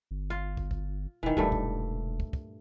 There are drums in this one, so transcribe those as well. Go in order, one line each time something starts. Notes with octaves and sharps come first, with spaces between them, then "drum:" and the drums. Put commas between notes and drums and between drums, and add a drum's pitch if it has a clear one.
G1
F4
drum: kick
drum: kick
E1 D#3 E3
E1 G2 A#2 A3, drum: kick
drum: kick
drum: kick
drum: kick